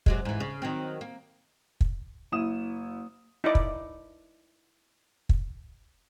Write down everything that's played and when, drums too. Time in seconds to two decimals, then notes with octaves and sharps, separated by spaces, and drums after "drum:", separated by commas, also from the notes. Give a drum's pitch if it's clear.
0.06 C3 F#3 G#3, drum: kick
0.25 G#2 E3
0.40 C#3
0.62 D#3 F#3 C4
1.01 A#3
1.81 drum: kick
2.32 F#1 E4 D#6 E7
3.44 D#4 E4 D5
3.55 drum: kick
5.29 drum: kick